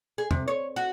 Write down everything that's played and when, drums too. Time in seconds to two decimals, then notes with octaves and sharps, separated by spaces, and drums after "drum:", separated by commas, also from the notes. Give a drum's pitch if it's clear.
0.18 G#4
0.31 C3, drum: tom
0.48 C#5
0.76 F#4